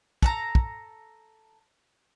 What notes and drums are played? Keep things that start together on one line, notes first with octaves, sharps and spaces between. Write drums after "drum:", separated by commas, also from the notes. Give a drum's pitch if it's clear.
A4 A5 A#5, drum: kick
drum: kick